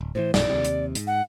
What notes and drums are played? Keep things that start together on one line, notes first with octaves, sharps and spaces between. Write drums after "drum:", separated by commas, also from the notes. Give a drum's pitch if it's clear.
D1
A2 C3 E3 C5
A#1 F#2 B2 D5, drum: snare
D#2 C3
drum: hi-hat
G#2, drum: hi-hat
F#5